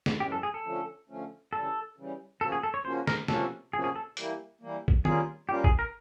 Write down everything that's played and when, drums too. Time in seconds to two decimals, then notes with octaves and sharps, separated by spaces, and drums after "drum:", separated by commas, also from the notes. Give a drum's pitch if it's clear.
0.06 drum: snare
0.20 F#2 C#3 E3 G#3 C#4 G4
0.32 A4
0.43 G#4
0.54 A4
0.64 D3 F3 A3 C#4
1.09 D3 F3 A3 C#4
1.53 C#3 E3 G3 A4
1.97 C#3 E3 G3
2.41 C#3 F3 A#3 C#4 F#4 A4
2.52 G#4
2.63 A4
2.74 C#5
2.84 C#3 F3 A#3 C#4 F#4 C5
3.07 A#4, drum: snare
3.28 C3 F3 A#3 C#4 F#4 A4, drum: snare
3.73 C3 F3 A#3 C#4 F#4 G#4
3.84 G#4
3.96 A4
4.17 E3 G3 A#3, drum: hi-hat
4.61 E3 G3 A#3
4.88 drum: kick
5.05 G3 A#3 C#4 F4 G#4 A#4, drum: tom
5.49 G3 A#3 C#4 F4 G4 A#4
5.64 G#4, drum: kick
5.79 A#4